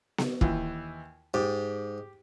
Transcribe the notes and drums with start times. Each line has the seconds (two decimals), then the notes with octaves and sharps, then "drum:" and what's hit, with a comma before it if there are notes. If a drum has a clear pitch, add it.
0.18 drum: snare B3
0.41 D#2 E3, drum: kick
1.34 G#2 G4